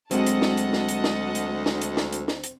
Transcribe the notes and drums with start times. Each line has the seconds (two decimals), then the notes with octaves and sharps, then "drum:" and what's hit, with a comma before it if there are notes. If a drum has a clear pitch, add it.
0.11 D2 F#3 G#3 C4 D#5 F#5 A5, drum: hi-hat
0.26 drum: hi-hat
0.42 drum: snare
0.57 drum: hi-hat
0.73 drum: snare
0.88 drum: hi-hat
1.04 drum: snare
1.35 drum: hi-hat
1.66 drum: snare
1.82 drum: hi-hat
1.97 drum: snare
2.13 drum: hi-hat
2.28 drum: snare
2.44 drum: hi-hat